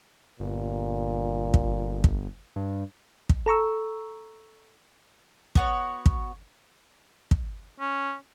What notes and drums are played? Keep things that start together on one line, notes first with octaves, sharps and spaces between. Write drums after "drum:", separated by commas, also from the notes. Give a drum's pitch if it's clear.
G1 A#2
drum: kick
drum: kick
G2
drum: kick
A4 A#5 C#6 E6
B3 F#4 C#5, drum: kick
drum: kick
drum: kick
C#4